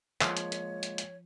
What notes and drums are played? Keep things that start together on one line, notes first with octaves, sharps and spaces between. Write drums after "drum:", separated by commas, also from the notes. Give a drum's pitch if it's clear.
F3 G#3 A#3 F4 C#5, drum: clap
drum: hi-hat
drum: hi-hat
drum: hi-hat
drum: hi-hat